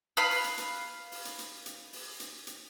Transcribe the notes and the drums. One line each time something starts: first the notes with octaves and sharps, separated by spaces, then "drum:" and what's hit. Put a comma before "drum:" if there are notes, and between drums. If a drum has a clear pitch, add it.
B4 F5 B5
drum: open hi-hat
drum: hi-hat
drum: hi-hat
drum: open hi-hat
drum: hi-hat
drum: hi-hat
drum: hi-hat
drum: open hi-hat
drum: hi-hat
drum: hi-hat